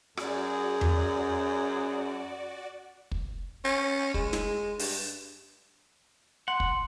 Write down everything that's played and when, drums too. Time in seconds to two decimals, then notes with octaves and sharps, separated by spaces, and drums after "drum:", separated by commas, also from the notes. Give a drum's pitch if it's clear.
0.17 F#2 F#4 G#4 D5, drum: rim click
0.81 drum: tom E2
3.11 drum: kick
3.65 C#4
4.14 G#3, drum: kick
4.33 drum: snare
4.79 G2, drum: open hi-hat
6.48 F#5 C6
6.60 drum: kick